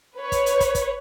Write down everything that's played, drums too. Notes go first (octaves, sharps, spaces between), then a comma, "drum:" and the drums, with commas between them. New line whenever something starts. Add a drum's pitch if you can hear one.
B4 C#5
drum: kick, hi-hat
drum: hi-hat
drum: kick, hi-hat
drum: kick, hi-hat